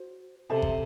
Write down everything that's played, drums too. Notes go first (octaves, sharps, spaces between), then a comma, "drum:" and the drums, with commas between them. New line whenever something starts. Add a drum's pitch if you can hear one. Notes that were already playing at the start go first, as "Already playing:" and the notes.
Already playing: F#4 C5
C3 A4 C5 E5 A5
drum: kick